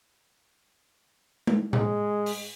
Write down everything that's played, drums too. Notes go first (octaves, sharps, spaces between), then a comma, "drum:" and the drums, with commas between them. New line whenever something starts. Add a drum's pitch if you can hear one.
drum: tom G#3
G#3, drum: tom A2
drum: open hi-hat